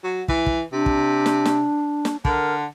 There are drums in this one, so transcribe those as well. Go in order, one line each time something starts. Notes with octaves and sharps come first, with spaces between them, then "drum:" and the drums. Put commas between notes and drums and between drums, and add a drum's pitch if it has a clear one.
F#3
E3, drum: kick
drum: kick
C3 D4
drum: kick
drum: snare
drum: snare
drum: snare
D3 A#4, drum: kick